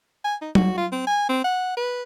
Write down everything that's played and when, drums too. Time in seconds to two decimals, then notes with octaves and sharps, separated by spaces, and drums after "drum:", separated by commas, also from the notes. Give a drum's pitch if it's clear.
0.25 G#5
0.42 D#4
0.55 F#4, drum: tom F#3
0.78 F4
0.92 C4
1.07 G#5
1.29 C4
1.44 F#5
1.77 B4